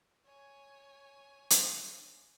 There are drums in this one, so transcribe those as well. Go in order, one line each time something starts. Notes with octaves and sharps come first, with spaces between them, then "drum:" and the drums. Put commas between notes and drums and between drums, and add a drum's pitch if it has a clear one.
C#5 G#5
drum: hi-hat